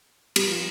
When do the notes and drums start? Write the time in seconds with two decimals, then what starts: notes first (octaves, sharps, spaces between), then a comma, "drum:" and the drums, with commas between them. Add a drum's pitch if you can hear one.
0.36 G3, drum: cymbal
0.49 F3